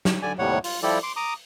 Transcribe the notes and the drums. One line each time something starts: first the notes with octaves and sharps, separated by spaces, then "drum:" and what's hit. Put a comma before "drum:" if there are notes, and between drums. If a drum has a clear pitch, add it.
drum: snare
D3 D5 G#5
D#2 A2 C3 G3 C#5 F#5
F4, drum: open hi-hat
F3 G3 E4 G4 A4 D5
C6 D6
A#5 D6 D#6